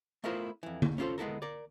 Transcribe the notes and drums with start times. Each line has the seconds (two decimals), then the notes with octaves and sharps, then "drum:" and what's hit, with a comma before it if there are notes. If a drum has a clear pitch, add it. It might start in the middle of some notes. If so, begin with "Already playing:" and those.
0.24 A3 B3 E4 F4 A#4 C5
0.63 F2 E3
0.82 drum: tom D3
0.98 C#4 E4 F4 G4 A4 C5
1.18 G#3 B3 E4 A4 A#4
1.42 A#4 D5